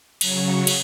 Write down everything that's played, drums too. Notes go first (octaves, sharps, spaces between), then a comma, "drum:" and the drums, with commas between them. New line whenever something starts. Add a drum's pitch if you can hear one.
C#3 F#3 C#5, drum: cymbal
drum: cymbal